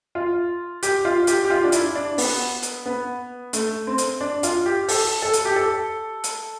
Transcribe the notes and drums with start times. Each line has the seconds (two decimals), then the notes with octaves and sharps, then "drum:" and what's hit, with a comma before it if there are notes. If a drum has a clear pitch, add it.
0.15 F4
0.83 G4, drum: hi-hat
1.05 F4
1.27 G4, drum: hi-hat
1.44 G4
1.50 F4
1.64 D4
1.72 E4, drum: hi-hat
1.95 D4
2.18 B3, drum: open hi-hat
2.63 drum: hi-hat
2.86 B3
3.53 A3, drum: hi-hat
3.87 C4
3.98 drum: hi-hat
4.21 D4
4.43 F4, drum: hi-hat
4.66 G4
4.88 A4, drum: open hi-hat
5.22 A4
5.33 drum: hi-hat
5.45 G4
5.56 A4
6.24 drum: hi-hat